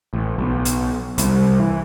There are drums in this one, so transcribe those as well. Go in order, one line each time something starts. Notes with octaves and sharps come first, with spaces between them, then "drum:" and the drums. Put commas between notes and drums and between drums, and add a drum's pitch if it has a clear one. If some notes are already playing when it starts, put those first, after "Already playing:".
A1
B1
drum: hi-hat
C2, drum: hi-hat
E3